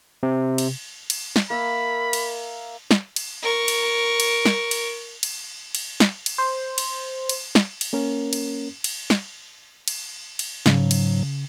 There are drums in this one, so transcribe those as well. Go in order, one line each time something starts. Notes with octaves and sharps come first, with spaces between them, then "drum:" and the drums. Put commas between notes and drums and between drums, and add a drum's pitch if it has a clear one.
C3
drum: cymbal
drum: cymbal
drum: snare
A#3 A#4 E5 B5
drum: cymbal
drum: snare
drum: cymbal
A#4 C#6
drum: cymbal
drum: cymbal
drum: snare
drum: cymbal
drum: cymbal
drum: cymbal
drum: snare
drum: cymbal
C5
drum: cymbal
drum: cymbal
drum: snare
drum: cymbal
A#3 C#4 A#4
drum: cymbal
drum: cymbal
drum: snare
drum: cymbal
drum: cymbal
G#2 C#3 F#3, drum: snare
drum: cymbal